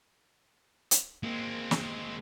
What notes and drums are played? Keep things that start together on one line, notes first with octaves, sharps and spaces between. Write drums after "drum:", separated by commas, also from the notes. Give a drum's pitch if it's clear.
drum: hi-hat
G#3 A#3 C4
drum: snare